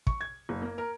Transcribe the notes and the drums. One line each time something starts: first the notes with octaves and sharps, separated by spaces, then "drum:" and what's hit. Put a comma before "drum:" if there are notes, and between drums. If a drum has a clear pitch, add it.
C#6, drum: kick
G#6
F#1
A#3
A#4